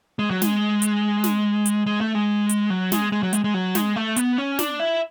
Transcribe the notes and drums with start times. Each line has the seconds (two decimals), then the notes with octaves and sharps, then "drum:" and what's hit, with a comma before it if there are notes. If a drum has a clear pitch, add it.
0.19 G#3
0.30 F#3
0.42 G#3, drum: snare
0.82 drum: hi-hat
1.24 drum: snare
1.66 drum: hi-hat
1.86 G#3
2.01 A3
2.15 G#3
2.49 drum: hi-hat
2.70 F#3
2.92 G#3, drum: snare
3.12 G#3
3.23 F#3
3.33 G#3, drum: hi-hat
3.44 G#3
3.54 F#3
3.75 G#3, drum: snare
3.96 A3
4.16 B3, drum: hi-hat
4.38 C#4
4.59 D4, drum: snare
4.80 E4